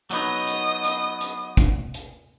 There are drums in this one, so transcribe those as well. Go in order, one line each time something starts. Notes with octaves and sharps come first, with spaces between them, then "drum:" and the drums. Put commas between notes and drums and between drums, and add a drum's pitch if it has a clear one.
F#3 B3 D#4 D#5 D#6, drum: hi-hat
drum: hi-hat
drum: hi-hat
drum: hi-hat
drum: kick, hi-hat
drum: hi-hat